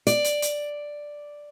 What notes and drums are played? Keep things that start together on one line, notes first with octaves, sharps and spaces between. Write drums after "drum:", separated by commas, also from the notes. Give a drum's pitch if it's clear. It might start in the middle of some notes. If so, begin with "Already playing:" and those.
D5, drum: hi-hat
drum: hi-hat
drum: hi-hat